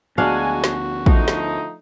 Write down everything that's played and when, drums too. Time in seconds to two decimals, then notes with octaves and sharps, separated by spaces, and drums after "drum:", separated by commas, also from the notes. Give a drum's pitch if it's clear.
0.18 D2 F#3 G#3 B3 D4 F#4 F5 G#5
0.64 drum: snare
1.06 F3 A3 D#4, drum: kick
1.28 drum: snare